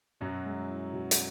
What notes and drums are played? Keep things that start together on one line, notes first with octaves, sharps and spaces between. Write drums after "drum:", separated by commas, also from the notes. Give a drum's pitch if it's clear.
F#2 B2 F#3
G#3
E4
B2
drum: hi-hat